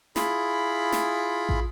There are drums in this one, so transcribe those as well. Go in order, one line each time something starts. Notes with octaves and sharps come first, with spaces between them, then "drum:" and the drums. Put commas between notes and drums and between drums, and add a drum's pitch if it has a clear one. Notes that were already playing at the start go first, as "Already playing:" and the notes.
E4 F4 G#4 B5, drum: snare
drum: snare
drum: kick